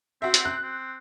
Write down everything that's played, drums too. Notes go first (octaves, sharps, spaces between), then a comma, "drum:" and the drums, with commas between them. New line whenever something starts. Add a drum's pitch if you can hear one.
C4 F#4 E5
drum: hi-hat
F#6
C4